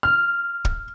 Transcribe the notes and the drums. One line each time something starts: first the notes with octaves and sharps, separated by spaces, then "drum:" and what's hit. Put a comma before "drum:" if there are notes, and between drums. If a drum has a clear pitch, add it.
F6
drum: kick